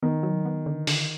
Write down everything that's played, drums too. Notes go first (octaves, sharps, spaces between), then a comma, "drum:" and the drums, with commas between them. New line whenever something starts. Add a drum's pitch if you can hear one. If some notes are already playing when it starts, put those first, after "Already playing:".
D#3 B3
F#3
B3
D3
D3, drum: open hi-hat